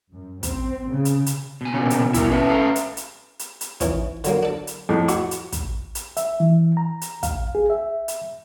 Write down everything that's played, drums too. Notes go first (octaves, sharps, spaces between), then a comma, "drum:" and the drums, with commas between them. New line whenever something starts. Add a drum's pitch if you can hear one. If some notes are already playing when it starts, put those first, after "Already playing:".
F#2
C4, drum: kick, hi-hat
C#3
drum: hi-hat
drum: hi-hat
B2 G#5
A#2 C#3
drum: hi-hat
E4 A#4, drum: kick, hi-hat
C#4 B4 E5
A4 F5 A#5
drum: hi-hat
drum: hi-hat
drum: hi-hat
drum: hi-hat
E3 C#4 D#4, drum: kick, hi-hat
D3 F#3 A#3, drum: hi-hat
D4 A4
drum: hi-hat
F2 A2
F#4 C#6, drum: hi-hat
drum: hi-hat
drum: kick, hi-hat
drum: hi-hat
E5, drum: hi-hat
E3
A#5
drum: hi-hat
F5, drum: kick, hi-hat
G#4
E5
drum: hi-hat